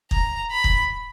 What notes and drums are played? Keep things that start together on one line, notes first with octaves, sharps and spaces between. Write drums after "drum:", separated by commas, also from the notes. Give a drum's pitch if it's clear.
A#5, drum: kick
B5
drum: kick